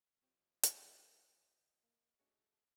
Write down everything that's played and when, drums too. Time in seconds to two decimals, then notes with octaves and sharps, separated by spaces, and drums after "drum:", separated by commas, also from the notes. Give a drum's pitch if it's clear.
0.22 F3 C4 G4 C#5 D#5
0.63 drum: hi-hat
0.91 B5
1.83 A#3
2.20 G#3 A3 D4 F#4 C#5